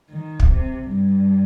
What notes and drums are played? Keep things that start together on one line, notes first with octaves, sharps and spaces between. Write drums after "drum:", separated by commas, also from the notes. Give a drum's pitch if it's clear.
D#3
drum: kick
C3
G2